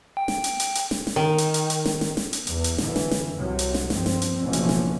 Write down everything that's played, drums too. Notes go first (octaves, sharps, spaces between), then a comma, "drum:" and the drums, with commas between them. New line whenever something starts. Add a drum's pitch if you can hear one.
G5
drum: snare
drum: hi-hat
drum: hi-hat
drum: hi-hat
drum: snare
drum: snare
D#3
drum: hi-hat
drum: hi-hat
drum: hi-hat
drum: snare
drum: snare
drum: snare
drum: hi-hat
E2, drum: hi-hat
drum: hi-hat
F#2 D3 E3, drum: snare
drum: snare
drum: snare
C2 C3 F#3
drum: hi-hat
drum: snare
G2 F3 C4, drum: snare
drum: snare
drum: hi-hat
F#1 B2 D3 E3 F3 C#4
drum: hi-hat
drum: snare